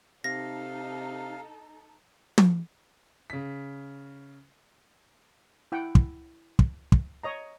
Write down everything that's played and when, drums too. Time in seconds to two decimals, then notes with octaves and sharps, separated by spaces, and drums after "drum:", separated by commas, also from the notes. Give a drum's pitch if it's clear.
0.24 C3 D#4 A4 F5 A#6
2.38 drum: tom
3.30 C#3 B6
5.72 E4 F#5 G5
5.95 drum: kick
6.59 drum: kick
6.92 drum: kick
7.23 C#5 D#5 A#5